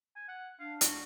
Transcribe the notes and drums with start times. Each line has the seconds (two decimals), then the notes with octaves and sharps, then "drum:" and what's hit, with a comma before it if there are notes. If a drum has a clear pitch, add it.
0.16 G#5
0.28 F#5
0.60 D4 F5
0.81 F#4, drum: hi-hat